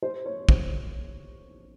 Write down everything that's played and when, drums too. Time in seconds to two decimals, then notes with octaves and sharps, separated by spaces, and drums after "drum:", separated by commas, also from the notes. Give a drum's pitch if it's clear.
0.02 C5
0.26 C#5
0.49 C5, drum: kick